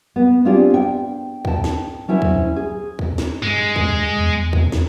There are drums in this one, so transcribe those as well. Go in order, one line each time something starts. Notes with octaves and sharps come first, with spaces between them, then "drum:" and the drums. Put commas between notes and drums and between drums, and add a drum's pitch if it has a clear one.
B3
C4 D4 F4 G4 G#4
G5
G5 A5, drum: kick C#2
drum: snare
F#3 C#4 E4 C5
drum: kick C#2
G#4
drum: kick C#2
drum: snare
G2 G#3
drum: kick C#2
E2
drum: kick C#2
drum: snare